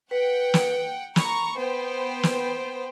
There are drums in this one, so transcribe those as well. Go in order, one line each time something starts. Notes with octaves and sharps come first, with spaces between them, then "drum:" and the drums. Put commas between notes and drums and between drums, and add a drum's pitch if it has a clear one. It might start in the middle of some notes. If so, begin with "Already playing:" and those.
B4 F#5 G5
drum: snare
A#5 B5 C#6, drum: snare
B3 C5 G5
drum: snare